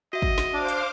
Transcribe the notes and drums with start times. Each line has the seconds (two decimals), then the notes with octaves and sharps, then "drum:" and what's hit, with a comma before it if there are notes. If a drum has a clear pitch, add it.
0.13 F#4 D#5 E5
0.22 drum: kick
0.38 drum: snare
0.53 D4 C5 F5 D6
0.69 drum: hi-hat